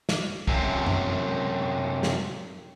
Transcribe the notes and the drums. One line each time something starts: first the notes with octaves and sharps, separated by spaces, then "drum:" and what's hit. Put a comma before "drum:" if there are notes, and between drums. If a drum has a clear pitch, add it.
drum: snare
F#2 C3, drum: kick
drum: tom F#2
drum: snare